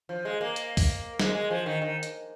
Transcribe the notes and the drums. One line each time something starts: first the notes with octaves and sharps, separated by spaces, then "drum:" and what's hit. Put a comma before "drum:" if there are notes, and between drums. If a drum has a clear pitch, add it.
F3
G#3
A#3
drum: hi-hat
drum: kick, open hi-hat
G#3, drum: snare
G#3
F3
D#3
D#3
drum: hi-hat